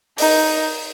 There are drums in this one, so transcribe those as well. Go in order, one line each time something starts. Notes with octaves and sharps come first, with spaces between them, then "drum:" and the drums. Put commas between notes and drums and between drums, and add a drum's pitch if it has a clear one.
D#4, drum: open hi-hat